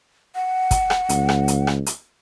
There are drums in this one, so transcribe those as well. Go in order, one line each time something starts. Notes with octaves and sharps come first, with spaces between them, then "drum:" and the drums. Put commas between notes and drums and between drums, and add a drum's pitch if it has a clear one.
F#5
drum: kick, hi-hat
drum: rim click
C#2, drum: hi-hat
drum: rim click
drum: hi-hat
drum: rim click
drum: hi-hat